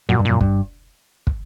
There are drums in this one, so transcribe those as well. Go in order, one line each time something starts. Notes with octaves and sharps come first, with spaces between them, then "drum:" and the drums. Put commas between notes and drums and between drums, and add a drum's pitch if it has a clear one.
F#2 A#2
G2
F#2 A#2
G2, drum: kick
drum: kick